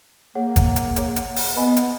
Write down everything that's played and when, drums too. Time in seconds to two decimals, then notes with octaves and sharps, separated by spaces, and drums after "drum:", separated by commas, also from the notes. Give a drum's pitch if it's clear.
0.35 A#3 G#4 C#5 F#5
0.56 drum: kick G1, hi-hat
0.76 drum: hi-hat
0.96 G#4 C#5 F#5, drum: hi-hat
1.16 drum: hi-hat
1.36 drum: open hi-hat
1.56 B3 B4 D#5 G#5 B5
1.77 drum: hi-hat